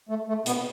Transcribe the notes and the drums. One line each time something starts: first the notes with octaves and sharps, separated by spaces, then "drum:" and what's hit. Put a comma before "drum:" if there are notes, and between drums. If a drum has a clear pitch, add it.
A3
A3
B2 B3, drum: hi-hat